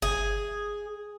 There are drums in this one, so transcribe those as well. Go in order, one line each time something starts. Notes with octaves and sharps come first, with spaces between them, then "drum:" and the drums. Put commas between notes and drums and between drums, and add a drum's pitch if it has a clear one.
G#4, drum: kick G1